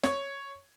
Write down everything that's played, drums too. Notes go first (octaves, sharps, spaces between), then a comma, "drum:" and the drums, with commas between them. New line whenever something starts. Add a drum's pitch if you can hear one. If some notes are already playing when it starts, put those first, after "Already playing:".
C#5, drum: snare